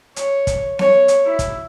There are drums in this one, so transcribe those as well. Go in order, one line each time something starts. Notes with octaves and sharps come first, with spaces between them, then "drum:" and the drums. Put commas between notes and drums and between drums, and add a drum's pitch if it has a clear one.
C#5, drum: hi-hat
drum: kick, hi-hat
C#5, drum: snare B3
drum: hi-hat
E4
drum: kick, hi-hat